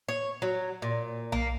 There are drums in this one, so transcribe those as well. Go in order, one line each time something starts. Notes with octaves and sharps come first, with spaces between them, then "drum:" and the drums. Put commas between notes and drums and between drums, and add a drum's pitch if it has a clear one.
C#5
F#3
A#2
A#3, drum: tom B1